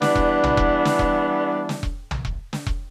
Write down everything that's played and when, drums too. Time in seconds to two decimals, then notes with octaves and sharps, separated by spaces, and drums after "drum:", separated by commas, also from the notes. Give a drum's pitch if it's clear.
0.02 E3 G3 B3 D4, drum: snare
0.16 drum: kick E1
0.43 drum: tom
0.57 drum: kick E1
0.85 drum: snare
0.99 drum: kick E1
1.69 drum: snare
1.83 drum: kick E1
2.11 drum: tom
2.25 drum: kick E1
2.53 drum: snare
2.67 drum: kick E1